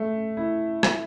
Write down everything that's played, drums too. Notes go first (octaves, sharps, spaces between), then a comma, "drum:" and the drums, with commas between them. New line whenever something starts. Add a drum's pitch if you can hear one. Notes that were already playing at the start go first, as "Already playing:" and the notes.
Already playing: A3
E4
drum: rim click